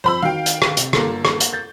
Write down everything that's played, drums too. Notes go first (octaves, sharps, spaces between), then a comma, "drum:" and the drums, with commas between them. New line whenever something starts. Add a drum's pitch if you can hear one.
F2 C5 B5 E6
D#3 F#4 F5 G5 C7
drum: hi-hat
drum: rim click
C3, drum: hi-hat
G1 A#3 A4, drum: rim click
drum: rim click
drum: hi-hat
G6 A6